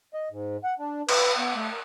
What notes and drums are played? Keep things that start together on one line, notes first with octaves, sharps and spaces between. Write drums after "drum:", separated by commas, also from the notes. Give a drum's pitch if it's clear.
D#5
G#2
F#5
D4
B4, drum: cymbal
B3
A3
A#4